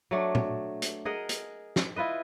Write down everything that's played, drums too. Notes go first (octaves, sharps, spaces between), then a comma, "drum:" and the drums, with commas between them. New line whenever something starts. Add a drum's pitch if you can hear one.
F#3 A3 D4
drum: tom A#2
drum: hi-hat
G#4 A#4 D#5 F#5
drum: hi-hat
drum: snare
E4 F4 B4 D#5